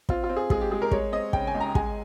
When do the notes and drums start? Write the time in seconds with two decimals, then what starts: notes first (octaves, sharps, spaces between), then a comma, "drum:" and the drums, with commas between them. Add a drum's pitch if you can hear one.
0.09 C4 F4, drum: kick
0.24 F4
0.29 C4
0.37 G#4
0.50 G#3 G#4, drum: kick
0.61 G4
0.71 G#3 G#4
0.82 A#4
0.91 G#3 C#5, drum: kick
1.12 C4 D#5
1.33 C#3 G5, drum: kick
1.47 G#5
1.55 C#2
1.60 A#5
1.75 G#3 G#5, drum: kick